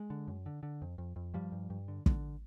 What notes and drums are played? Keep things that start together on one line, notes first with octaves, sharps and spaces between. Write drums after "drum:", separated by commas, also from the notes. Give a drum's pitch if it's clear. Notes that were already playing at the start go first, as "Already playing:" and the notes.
Already playing: G#3
D3
F#2
D3
D3
F2
F2
F2
G2 F3 G3
G2
G2
D3
D3, drum: kick